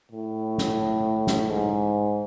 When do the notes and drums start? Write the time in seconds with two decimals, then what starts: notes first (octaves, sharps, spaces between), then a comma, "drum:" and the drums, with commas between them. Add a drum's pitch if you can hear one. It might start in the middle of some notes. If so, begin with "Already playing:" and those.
0.12 A2
0.58 drum: snare
1.27 drum: snare
1.49 G#2